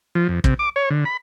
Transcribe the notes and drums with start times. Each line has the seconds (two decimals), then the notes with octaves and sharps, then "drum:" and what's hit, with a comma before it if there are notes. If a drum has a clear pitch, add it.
0.15 F3
0.29 F2
0.44 C3, drum: kick
0.59 D6
0.76 C#5
0.90 D3
1.05 B5